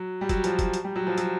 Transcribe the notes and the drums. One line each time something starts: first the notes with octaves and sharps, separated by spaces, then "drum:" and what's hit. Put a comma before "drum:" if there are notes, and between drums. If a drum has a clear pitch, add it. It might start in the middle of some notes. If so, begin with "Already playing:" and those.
Already playing: F#3
G3
F#3, drum: kick, hi-hat
F3, drum: hi-hat
F#3, drum: kick, hi-hat
drum: hi-hat
G3
F#3
F3
F#3, drum: hi-hat